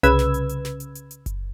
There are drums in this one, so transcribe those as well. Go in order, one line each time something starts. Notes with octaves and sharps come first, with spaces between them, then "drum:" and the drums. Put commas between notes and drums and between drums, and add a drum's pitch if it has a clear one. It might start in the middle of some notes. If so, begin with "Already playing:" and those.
C2 C#3 B4 E6 G#6, drum: hi-hat
drum: snare
drum: hi-hat
drum: hi-hat
drum: snare
drum: hi-hat
drum: hi-hat
drum: hi-hat
drum: kick F#1, hi-hat